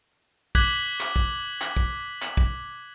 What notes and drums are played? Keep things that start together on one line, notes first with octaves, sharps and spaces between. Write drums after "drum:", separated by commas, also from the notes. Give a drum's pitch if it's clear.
D6 F#6 G#6 B6 F#7, drum: kick
drum: clap
drum: kick
drum: clap
drum: kick
drum: clap
drum: kick